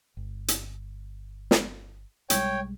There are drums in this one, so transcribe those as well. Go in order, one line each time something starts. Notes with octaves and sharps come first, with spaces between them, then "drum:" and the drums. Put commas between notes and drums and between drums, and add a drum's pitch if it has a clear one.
G1
drum: hi-hat
drum: snare
B1 G3 G#3 C#5 G5, drum: hi-hat